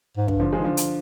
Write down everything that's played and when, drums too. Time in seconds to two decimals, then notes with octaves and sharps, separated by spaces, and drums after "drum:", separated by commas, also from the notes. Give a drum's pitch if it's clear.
0.17 G#2
0.28 G2, drum: kick
0.40 D3 F3
0.53 F3 G#3
0.59 D#3
0.64 D3 F3
0.77 drum: hi-hat